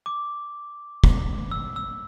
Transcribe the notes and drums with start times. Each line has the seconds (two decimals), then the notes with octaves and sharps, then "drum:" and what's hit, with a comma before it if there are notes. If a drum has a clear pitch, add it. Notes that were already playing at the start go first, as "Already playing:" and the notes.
0.06 D6
1.04 drum: kick
1.51 E6
1.76 E6